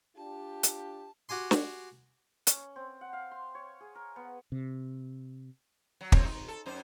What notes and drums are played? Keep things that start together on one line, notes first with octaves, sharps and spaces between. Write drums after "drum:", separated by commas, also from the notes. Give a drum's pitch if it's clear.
D4 F4 G4 A5
drum: hi-hat
F#4 G4 G#5 C6
drum: snare
C#4, drum: hi-hat
C4
F#5
F5
C6
C#5
G#4
A#4
B3
C3
F#3
A2 C4 C#5, drum: kick
D#4
A4
F#2 D#4 C5